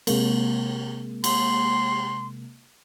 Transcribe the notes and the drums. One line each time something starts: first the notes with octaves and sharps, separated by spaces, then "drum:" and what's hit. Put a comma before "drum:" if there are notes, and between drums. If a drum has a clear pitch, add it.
C3 G#3 A#3, drum: cymbal
C6, drum: cymbal